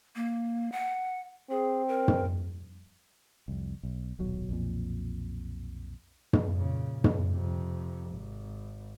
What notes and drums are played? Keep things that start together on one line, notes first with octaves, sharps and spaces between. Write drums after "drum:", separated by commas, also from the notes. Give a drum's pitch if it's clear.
A#3
F#5
C4 G#4
A#4
drum: tom
C2 F2
B1
D#1 B1 F#3
B1 F2 A#2
drum: tom
A#2 C#3
drum: tom
F2 C3
G#1